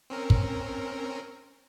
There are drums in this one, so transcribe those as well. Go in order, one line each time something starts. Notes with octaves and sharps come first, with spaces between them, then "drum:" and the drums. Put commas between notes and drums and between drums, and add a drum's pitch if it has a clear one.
C4 C#4 A#4
drum: kick